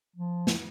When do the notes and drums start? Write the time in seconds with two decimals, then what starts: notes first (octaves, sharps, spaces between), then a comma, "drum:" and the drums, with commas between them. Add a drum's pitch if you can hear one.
0.16 F3
0.47 drum: snare